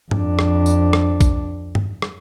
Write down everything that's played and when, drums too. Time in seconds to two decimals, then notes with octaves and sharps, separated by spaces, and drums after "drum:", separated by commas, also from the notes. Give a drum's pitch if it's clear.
0.11 F2 D4, drum: tom G2
0.39 drum: rim click
0.66 drum: tambourine
0.93 drum: rim click
1.21 drum: kick, tambourine
1.75 drum: tom G2
2.02 drum: rim click